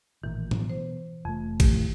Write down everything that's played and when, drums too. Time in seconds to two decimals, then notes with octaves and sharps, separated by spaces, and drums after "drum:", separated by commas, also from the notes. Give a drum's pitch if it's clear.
0.24 A1 A#2 D#3 E3
0.51 B2, drum: tom A2
0.70 C5
1.25 F1 F2 A3
1.60 A2 D#3 F3 G4, drum: kick, cymbal